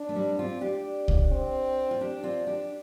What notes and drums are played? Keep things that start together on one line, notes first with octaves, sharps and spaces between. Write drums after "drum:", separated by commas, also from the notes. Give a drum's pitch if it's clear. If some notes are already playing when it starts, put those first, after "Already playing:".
Already playing: D4
A3
G3 C4
C4 F4
D4 G4
drum: kick C2
C4
F4
D4 G4
C4 F4
D4 G4